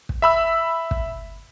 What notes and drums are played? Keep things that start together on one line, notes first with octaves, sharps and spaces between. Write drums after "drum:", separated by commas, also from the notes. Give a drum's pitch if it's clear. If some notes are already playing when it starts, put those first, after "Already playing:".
drum: kick
E5 B5 E6
drum: kick